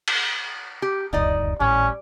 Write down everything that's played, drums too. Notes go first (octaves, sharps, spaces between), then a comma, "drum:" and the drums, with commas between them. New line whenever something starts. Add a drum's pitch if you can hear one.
drum: cymbal
G4
D1 C#2 F#2 D#4 D5 D#5
G#1 A2 G3 C#4